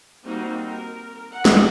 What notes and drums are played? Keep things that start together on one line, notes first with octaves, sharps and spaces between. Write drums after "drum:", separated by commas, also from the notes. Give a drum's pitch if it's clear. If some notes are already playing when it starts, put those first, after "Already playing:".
G3 A#3 C4 D#4 F#4
A#4
F#5
drum: snare